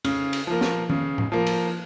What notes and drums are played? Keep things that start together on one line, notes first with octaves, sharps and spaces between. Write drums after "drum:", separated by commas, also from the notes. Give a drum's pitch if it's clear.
C#3, drum: cymbal
drum: cymbal
F3 A#3
drum: snare
C#3, drum: tom D#3
drum: tom A2
F3 A#3
drum: cymbal